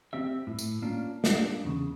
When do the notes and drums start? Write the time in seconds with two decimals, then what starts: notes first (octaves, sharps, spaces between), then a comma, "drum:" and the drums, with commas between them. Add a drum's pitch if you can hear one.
0.13 C4 G4 E5
0.47 A2
0.59 drum: tambourine
0.82 A#3 C#4 D4 F4
1.24 G3 A3 A#3 D4 D#4 F4, drum: snare
1.64 E2 C#3